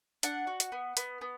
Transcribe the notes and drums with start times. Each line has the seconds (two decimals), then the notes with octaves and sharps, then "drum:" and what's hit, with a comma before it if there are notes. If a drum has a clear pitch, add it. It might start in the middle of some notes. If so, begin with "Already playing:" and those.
0.23 D4 F#5, drum: hi-hat
0.47 F#4
0.60 drum: hi-hat
0.72 B3
0.97 B3, drum: hi-hat
1.21 B3